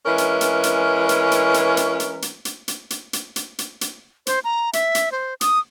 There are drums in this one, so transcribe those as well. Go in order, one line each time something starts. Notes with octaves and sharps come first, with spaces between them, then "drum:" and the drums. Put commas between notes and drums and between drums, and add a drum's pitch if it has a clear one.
E3 G#3 C#4 A#4 B4
drum: hi-hat
drum: hi-hat
drum: hi-hat
drum: hi-hat
drum: hi-hat
drum: hi-hat
drum: hi-hat
drum: hi-hat
drum: hi-hat
drum: hi-hat
drum: hi-hat
drum: hi-hat
drum: hi-hat
drum: hi-hat
drum: hi-hat
drum: hi-hat
C5, drum: hi-hat
A#5
E5, drum: hi-hat
drum: hi-hat
C5
D#6, drum: hi-hat